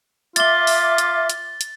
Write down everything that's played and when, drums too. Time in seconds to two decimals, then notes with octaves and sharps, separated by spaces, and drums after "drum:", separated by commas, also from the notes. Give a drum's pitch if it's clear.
0.36 F4 E5 D6 A6 G7, drum: hi-hat
0.67 drum: open hi-hat
0.98 drum: hi-hat
1.30 drum: hi-hat
1.61 drum: hi-hat